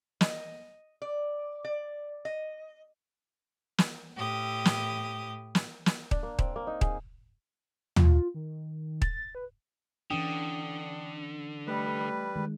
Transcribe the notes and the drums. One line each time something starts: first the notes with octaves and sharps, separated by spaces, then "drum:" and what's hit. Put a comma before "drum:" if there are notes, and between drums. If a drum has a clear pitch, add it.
D#5, drum: snare
D5
D5
D#5
drum: snare
A2 G4 D#6
drum: snare
drum: snare
drum: snare
D4, drum: kick D#1
A#3
C4, drum: kick D#1
A#3
D#4
G#4, drum: kick D#1
F4, drum: tom
D#3
A6, drum: kick D#1
B4
D3 E3 C#4 D4 G5 D#6
G3 A3 B4 B6
D#3 G#3